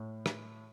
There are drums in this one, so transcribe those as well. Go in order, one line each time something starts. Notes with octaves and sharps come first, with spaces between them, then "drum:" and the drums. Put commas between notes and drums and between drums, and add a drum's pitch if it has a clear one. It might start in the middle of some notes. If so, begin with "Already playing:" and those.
Already playing: A2
drum: rim click